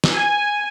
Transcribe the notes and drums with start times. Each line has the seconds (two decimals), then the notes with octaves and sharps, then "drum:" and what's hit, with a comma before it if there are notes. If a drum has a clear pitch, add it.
0.04 drum: snare
0.13 G#5